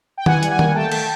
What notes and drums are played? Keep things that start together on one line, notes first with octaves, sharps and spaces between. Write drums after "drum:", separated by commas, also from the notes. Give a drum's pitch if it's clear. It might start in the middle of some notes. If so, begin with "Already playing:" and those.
G5
E3 F#5 G#5, drum: tom D#3
G3, drum: hi-hat
F#5 G#5
A#3, drum: tom D#3
A3 G5 A5
A3, drum: cymbal